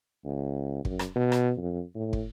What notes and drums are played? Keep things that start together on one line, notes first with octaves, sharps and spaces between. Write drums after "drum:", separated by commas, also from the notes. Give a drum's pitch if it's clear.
C#2
F#2, drum: kick
drum: rim click
B2
drum: rim click
F2
A2
drum: kick